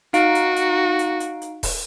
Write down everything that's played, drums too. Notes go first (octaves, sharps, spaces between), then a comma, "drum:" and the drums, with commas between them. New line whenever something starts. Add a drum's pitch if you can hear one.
D#4 F#4 F5 D7, drum: hi-hat
drum: hi-hat
drum: hi-hat
drum: hi-hat
drum: hi-hat
drum: hi-hat
drum: kick D#1, open hi-hat